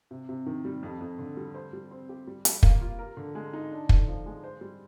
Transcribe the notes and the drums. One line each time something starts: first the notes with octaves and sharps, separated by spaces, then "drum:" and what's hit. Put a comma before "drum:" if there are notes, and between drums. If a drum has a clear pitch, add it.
C3
C3
D#3
G3
F2
F2
D3
G3
C5
G3
C4
G4
G3
G3, drum: hi-hat
A#3, drum: kick
F4
A#4
D3
G#3
D#4
D4
D3, drum: kick
F3
G#3
C5
G3